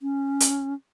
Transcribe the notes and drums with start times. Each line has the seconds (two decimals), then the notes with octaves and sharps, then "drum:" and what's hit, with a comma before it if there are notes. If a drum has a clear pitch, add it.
0.01 C#4
0.40 drum: hi-hat